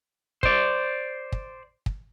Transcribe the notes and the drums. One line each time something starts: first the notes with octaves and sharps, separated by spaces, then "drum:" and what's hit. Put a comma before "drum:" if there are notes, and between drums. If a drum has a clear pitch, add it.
C5 D5, drum: kick
drum: kick
drum: kick